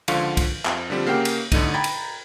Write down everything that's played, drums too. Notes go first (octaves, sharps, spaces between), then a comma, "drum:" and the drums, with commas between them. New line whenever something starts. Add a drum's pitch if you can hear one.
C#2 D3 F3 F5 C6 C#6, drum: cymbal
drum: kick, cymbal
F2, drum: clap
D3 F3 G3 C4
C#3 A#3 G4 F#5 G5 F6
drum: cymbal
G1 A2 D3 D#4 D#7, drum: kick, cymbal
G5 A#5 B5 G#6 A6
drum: cymbal